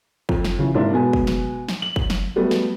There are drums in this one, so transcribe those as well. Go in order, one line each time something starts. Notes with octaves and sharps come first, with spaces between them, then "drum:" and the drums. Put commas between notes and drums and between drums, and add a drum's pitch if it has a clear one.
F2, drum: kick
drum: snare
C#3 E3 F3
G#2 C3 A#3 D4 E4
B2 G#3 B3 G#5
drum: kick
drum: snare
drum: snare
F#7
drum: kick
drum: snare
F#3 G3 A3 B3
drum: snare